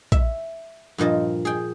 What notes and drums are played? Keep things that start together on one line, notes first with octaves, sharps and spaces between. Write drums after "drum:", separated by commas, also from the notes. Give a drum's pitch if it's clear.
E5, drum: kick A#1
G2 A#2 F3 D#5
G#4 G5